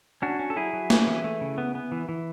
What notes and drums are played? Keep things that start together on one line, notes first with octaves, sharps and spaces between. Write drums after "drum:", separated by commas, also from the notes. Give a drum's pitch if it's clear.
C#4 D4 F#4
C#4
A4
F#3 E4 G#4
F#3
C#4, drum: snare
E3
A3
C#3
B3
B3
E3
E3